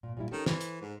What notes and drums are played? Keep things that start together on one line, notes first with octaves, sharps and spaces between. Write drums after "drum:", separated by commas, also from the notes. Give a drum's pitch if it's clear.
A#2
A#2 G3 E4
D#3 C#4 G4 A4
E3 C5, drum: snare
drum: hi-hat
G#2